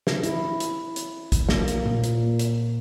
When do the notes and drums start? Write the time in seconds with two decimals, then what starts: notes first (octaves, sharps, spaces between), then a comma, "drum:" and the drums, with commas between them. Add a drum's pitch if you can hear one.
0.07 drum: snare
0.24 E4, drum: hi-hat
0.60 drum: hi-hat
0.96 drum: hi-hat
1.32 drum: kick, hi-hat
1.49 A#3, drum: snare
1.68 drum: hi-hat
1.86 A#2
2.04 drum: hi-hat
2.39 drum: hi-hat